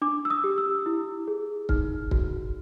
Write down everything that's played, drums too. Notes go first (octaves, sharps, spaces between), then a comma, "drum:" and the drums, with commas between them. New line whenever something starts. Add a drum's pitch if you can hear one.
D4 D6
E6
D#6
G4
E6
E4
G#4
D#4 F6, drum: kick
F#4, drum: kick